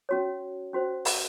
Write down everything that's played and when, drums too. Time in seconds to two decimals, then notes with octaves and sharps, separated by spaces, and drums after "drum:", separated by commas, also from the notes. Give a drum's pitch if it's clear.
0.09 C#4 F#4 C#5
0.73 C#4 F#4 C5
1.05 F#5, drum: open hi-hat